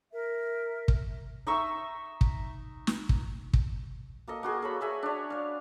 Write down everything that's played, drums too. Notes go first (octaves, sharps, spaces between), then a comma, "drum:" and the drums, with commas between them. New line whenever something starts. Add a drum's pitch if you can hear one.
A#4 E5
drum: kick
D#4 E5 C#6 E6
drum: kick
drum: snare
drum: kick
drum: kick
A#3 A4 D#5
A#3 F#4 G#4
A4 C#5 B5
G#4 E5 G#5
D4 C#5
D5 F5